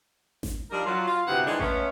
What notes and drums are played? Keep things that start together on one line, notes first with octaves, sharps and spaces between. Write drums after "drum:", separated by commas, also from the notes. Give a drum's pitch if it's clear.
drum: snare G#1
F3 G3 D4 D#4 F4 A#4
F#3 F4
F4
D2 G2 C3 B3 E4 F#5
D#3 E3 G#3 D4
G#3 A3 B3 C#4, drum: kick A1